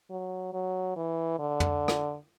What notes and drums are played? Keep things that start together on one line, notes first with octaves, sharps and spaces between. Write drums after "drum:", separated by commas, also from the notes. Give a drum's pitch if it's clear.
F#3
F#3
E3
D3
drum: tom
drum: rim click